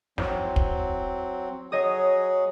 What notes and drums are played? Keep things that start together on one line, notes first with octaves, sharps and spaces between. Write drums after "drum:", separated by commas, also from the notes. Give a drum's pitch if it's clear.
F#3 C4 E4, drum: snare
drum: kick
F#3 G#4 C#5 D#5 D#6